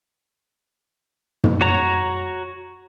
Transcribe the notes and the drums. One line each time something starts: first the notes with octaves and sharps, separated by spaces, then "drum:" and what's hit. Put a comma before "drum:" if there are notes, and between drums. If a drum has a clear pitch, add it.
drum: tom
F#4 C#5 A#5